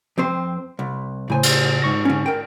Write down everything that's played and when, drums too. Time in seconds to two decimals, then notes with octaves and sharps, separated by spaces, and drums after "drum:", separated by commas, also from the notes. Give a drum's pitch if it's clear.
0.18 F2 C4 C5
0.79 C2
1.30 A2 C#3 C5 G#5
1.43 drum: cymbal
1.82 G#2 C#6 A#6
2.05 D3 C#4
2.26 A#4 G5